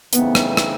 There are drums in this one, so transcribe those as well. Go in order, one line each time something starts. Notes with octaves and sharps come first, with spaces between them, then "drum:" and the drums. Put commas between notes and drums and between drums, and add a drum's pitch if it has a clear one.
C#3 E3 A3 B3 C4 D#4, drum: hi-hat
drum: rim click
drum: rim click